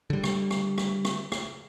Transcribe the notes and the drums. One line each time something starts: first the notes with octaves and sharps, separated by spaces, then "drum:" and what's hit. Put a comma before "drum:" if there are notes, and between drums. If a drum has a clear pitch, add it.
D3 G3
drum: rim click
drum: rim click
drum: rim click
drum: rim click
drum: rim click